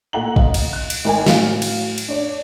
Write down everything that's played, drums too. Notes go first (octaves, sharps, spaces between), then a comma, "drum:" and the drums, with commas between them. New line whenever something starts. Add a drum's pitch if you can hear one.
A#2 A4 F#5 A#5 F#7
D#5 F5, drum: kick
drum: cymbal
F#6
drum: cymbal
G#1 A#4 G#5
A2 F#3 F5, drum: snare
drum: cymbal
drum: cymbal
D4 C#5 D5